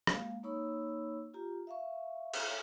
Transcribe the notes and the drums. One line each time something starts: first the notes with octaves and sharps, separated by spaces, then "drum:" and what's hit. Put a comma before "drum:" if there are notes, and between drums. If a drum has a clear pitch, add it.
G#3 A#3 F5, drum: rim click
A#3 D#4 C#5 B5 C#6 E6
F4 G4 A#5
E5 F5 C#6
drum: cymbal